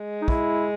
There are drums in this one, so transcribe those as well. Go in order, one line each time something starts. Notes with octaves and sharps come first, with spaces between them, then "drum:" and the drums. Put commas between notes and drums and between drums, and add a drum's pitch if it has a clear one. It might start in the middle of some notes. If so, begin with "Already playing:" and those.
Already playing: G#3
D#4
E4, drum: kick